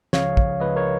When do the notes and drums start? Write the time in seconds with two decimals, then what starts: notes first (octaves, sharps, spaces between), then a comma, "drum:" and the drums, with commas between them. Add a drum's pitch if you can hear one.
0.13 C#2 C#3 F3 C#5 F5, drum: snare
0.37 drum: kick
0.60 C#2 C#3 F3 B4 D#5
0.76 A#4 C#5